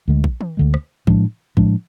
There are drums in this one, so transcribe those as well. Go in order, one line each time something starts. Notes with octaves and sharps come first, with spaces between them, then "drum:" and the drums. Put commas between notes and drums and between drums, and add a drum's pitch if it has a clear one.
D2 D3 G#3
drum: kick A#1
drum: tom D#3
D2 D3 G#3
drum: rim click
A2 F3 G#3 D4, drum: kick A#1
A2 F3 G#3 D4, drum: kick A#1